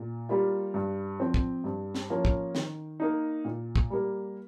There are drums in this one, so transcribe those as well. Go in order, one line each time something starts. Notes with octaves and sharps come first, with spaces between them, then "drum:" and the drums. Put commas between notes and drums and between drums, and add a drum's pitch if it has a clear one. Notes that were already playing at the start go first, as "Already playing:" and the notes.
Already playing: A#2
G3 A#3 F4
G2
F3 C4
drum: kick
G2
drum: snare
F3 A#3 C#4 F4
drum: kick
D#3, drum: snare
A#3 D#4
A#2
drum: kick
G3 A#3